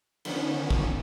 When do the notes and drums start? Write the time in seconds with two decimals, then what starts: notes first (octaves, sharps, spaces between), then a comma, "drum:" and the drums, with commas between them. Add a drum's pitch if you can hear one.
0.25 D3 D#3 F3 B3 C#4, drum: cymbal
0.70 drum: kick